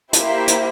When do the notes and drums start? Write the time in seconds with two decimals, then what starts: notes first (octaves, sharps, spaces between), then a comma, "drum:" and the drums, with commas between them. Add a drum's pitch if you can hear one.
0.13 A#3 E4 G4 C5 E5, drum: hi-hat
0.48 drum: hi-hat